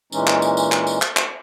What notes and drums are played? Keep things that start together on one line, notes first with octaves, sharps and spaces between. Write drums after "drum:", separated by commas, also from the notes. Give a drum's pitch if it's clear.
A#2 E3 G#3 C#4 D#4, drum: tambourine
drum: clap
drum: tambourine
drum: tambourine
drum: clap
drum: tambourine
drum: clap
drum: clap